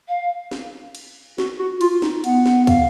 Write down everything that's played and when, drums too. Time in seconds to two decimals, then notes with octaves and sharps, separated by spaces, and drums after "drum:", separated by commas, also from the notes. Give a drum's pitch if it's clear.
0.08 F5
0.51 drum: snare
0.95 drum: cymbal
1.38 F#4, drum: snare
1.59 F#4
1.81 F4, drum: cymbal
2.02 D#4, drum: snare
2.24 B3 F#5, drum: cymbal
2.46 drum: snare
2.67 F5, drum: kick, cymbal